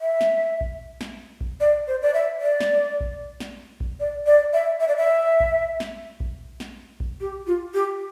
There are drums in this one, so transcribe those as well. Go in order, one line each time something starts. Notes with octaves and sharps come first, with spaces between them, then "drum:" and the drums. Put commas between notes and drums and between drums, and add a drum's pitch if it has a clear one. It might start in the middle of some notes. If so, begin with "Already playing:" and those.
E5
drum: snare
drum: kick A#1
drum: snare
drum: kick A#1
D5
C5
D5
E5
D5
drum: snare
drum: kick A#1
drum: snare
drum: kick A#1
D5
D5
E5
E5
D5
E5
drum: kick A#1
drum: snare
drum: kick A#1
drum: snare
drum: kick A#1
G4
F4
G4